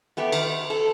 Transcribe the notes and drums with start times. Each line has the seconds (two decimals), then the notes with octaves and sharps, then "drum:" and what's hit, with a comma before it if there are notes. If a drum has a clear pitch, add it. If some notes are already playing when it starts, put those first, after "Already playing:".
0.17 A3 B3 G4
0.32 D#3, drum: cymbal
0.70 A4